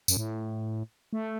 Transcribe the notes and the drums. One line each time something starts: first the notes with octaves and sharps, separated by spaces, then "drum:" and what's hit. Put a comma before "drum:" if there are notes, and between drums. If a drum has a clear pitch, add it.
F#2, drum: tambourine
A2
A3